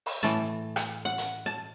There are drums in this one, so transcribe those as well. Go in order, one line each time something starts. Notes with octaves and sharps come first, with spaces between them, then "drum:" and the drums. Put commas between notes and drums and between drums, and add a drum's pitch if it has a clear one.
drum: open hi-hat
A2 E3 A3 A5
drum: rim click
F#5
drum: hi-hat
A5